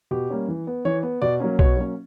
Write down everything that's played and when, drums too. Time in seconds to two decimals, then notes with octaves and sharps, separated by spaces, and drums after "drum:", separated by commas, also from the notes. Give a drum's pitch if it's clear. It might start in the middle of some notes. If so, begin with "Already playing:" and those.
0.11 B2 G4
0.30 G3 A#3 C#4
0.48 E3
0.67 B3
0.85 E3 C#5
1.03 B3
1.22 B2 D5
1.40 F#3 A#3 C#4
1.59 B2 C#5, drum: kick B1
1.77 F#3 A#3 C#4